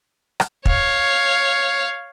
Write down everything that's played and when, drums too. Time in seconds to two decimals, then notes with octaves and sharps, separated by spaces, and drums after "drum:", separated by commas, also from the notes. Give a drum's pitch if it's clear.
0.40 drum: rim click
0.66 C#5 F5, drum: kick